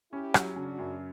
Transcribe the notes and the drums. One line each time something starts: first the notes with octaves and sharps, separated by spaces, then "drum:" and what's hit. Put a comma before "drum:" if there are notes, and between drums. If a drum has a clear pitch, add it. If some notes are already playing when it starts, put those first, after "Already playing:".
C#4 E4 G4
F#3, drum: rim click
C#3 D4 F#4
F#2